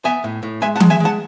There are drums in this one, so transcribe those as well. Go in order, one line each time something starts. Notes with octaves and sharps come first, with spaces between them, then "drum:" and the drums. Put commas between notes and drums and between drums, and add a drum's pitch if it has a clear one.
B3 E5 G#5
A2
A2
G#3 E5 G#5
F#5 A5
G#3, drum: tom E3
E5 G#5
G#3 F#5 A5